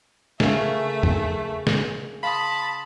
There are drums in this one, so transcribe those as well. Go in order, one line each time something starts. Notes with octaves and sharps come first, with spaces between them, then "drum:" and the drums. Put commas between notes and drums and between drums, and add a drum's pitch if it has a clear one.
C#3 A3 A#4 E5 F5 G#5 A#5, drum: snare
drum: tom
drum: snare
F5 A5 B5 C6 D#6